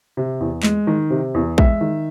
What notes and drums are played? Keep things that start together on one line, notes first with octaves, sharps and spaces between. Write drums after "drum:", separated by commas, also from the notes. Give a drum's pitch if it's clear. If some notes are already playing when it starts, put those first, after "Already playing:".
C3
E2
G#3, drum: clap
D#3
C3
E2
G#3 E5, drum: kick
D#3